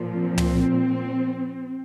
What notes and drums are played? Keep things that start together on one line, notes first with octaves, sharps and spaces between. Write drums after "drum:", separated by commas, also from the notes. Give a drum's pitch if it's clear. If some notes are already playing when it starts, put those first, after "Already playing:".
Already playing: A#2 F3
C4
drum: tom